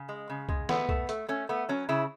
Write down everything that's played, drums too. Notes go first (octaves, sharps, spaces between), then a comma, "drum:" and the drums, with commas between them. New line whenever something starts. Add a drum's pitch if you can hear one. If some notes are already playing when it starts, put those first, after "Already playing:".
Already playing: C#3
G#3
C#3
G#3, drum: kick C2
A3 B3, drum: snare
A3, drum: kick C2
A3, drum: hi-hat
A3 C#4
A3 B3
F#3 C#4
C#3 E4